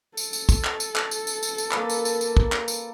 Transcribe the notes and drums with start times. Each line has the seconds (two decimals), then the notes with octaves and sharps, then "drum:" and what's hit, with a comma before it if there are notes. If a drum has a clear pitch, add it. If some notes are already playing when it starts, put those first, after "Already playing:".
0.17 A4, drum: tambourine
0.33 drum: tambourine
0.49 drum: kick, tambourine
0.64 drum: clap
0.80 drum: tambourine
0.96 drum: clap
1.11 drum: tambourine
1.27 drum: tambourine
1.43 drum: tambourine
1.58 drum: tambourine
1.71 A#3 B4, drum: clap
1.90 drum: tambourine
2.05 drum: tambourine
2.21 drum: tambourine
2.37 drum: kick
2.52 drum: clap
2.68 drum: tambourine